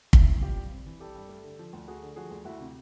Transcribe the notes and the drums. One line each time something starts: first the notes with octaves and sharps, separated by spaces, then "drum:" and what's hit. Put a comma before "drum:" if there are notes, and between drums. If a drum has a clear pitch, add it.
C4 E4, drum: kick
E3
G3 F4 G4
G2
C4
E3
G3 G4 A4
G2
A3
D3
F3
D2
A3 F#4 G#4
D3
F3 F#4 G#4
D2
D2 E4 F#4
C3